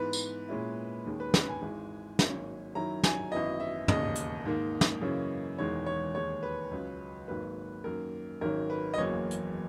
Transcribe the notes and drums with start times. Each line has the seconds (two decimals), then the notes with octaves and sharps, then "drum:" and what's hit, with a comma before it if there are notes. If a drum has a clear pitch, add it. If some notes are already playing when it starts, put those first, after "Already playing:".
Already playing: G#2 E3 B3 B4
0.13 drum: tambourine
0.49 A#2 G#3 C#4 E4
1.06 D#2 D#3 G#3 C#4
1.20 B4
1.34 B4, drum: snare
1.48 G#5
1.62 G#1 G#2 E3 G#3
2.19 G#1 G#2 F#3 A#3 C#4, drum: snare
2.75 F#2 D#3 F#3 C#4 E4 A#5
3.04 G#5, drum: snare
3.32 G#1 F#2 E3 B3 E4 D#5
3.60 E5
3.88 E1 D#2 C#3 D#5, drum: tom
4.15 drum: hi-hat
4.45 G#2 D#3 A#3
4.81 drum: snare
5.01 F#2 C#3 E3 A#3 C#4
5.58 E1 E2 D#3 G#3 C#5
5.86 C#5
6.15 D#2 D#3 G#3 D#4 C#5
6.43 B4
6.71 C#2 C#3 F#3
7.28 G#1 G#2 F#3 A#3 B4
7.84 F#2 D#3 A#3 A#4
8.41 G#1 G#2 D#3 F#3 C#4 A#4
8.70 B4
8.94 D#5
8.97 F#1 E2 C#3 F#3 A#3 C#5
9.31 drum: hi-hat